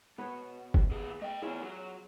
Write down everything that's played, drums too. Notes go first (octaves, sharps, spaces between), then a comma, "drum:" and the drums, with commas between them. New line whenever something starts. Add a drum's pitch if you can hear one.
B2 B3 C#5
drum: kick
D#2 G#4
A3 D#5 G5
B3 C#4 E4 F4 G#4
F#3 F#4